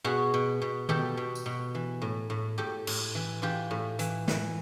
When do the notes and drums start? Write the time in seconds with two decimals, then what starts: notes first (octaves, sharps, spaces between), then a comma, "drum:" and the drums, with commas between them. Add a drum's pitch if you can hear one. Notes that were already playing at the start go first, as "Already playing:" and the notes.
0.04 B2 F#4 G#4
0.34 B2
0.62 B2
0.89 B2 G4 A4, drum: tom D#3
1.17 B2
1.35 drum: tambourine
1.46 B2
1.75 E3
2.02 A2
2.30 A2
2.58 A2 G4 A4
2.87 A2, drum: cymbal
3.15 E3
3.42 E3 F4 G4
3.71 A2
3.99 E3, drum: hi-hat
4.28 E3, drum: snare